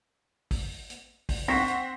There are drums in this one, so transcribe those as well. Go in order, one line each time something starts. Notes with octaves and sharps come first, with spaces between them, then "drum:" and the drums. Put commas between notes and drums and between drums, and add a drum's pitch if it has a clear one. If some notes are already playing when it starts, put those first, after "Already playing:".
drum: kick, open hi-hat
drum: hi-hat
drum: kick, open hi-hat
C4 C5 F#5 C#6 A#6 B6
drum: hi-hat